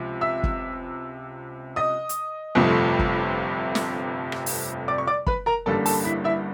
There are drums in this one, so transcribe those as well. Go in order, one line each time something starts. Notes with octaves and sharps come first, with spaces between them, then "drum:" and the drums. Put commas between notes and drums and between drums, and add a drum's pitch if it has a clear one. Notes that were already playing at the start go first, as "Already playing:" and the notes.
Already playing: C#2 C3 F3
E5 E6
drum: kick
D#5 D#6
drum: hi-hat
G1 F2 C3 F3 A3
drum: kick
drum: snare
drum: rim click
drum: open hi-hat
D5 D6
C#6
D5 D6
B4 B5, drum: kick
A#4 A#5
A1 G2 D3 G3 A#3 A4 A5
A4 A5, drum: open hi-hat
E4 E5
E4 E5